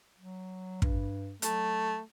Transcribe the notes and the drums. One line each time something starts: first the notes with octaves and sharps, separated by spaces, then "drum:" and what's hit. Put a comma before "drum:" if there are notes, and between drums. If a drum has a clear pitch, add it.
F#3
G2, drum: kick
F#3 A3, drum: hi-hat